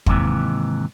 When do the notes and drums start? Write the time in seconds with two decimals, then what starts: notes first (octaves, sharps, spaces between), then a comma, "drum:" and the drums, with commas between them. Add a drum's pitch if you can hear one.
0.06 D#2 G#2 C3 E3, drum: kick